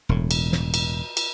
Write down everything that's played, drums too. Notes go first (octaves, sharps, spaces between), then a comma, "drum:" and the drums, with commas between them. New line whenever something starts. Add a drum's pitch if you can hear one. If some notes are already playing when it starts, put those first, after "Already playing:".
E1 A2
drum: cymbal
drum: snare
drum: cymbal
drum: cymbal